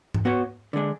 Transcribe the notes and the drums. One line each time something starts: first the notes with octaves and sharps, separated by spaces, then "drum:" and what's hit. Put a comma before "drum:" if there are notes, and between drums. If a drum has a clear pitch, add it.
drum: tom G#2
B3 F#4 C#5
D3 G#3 D4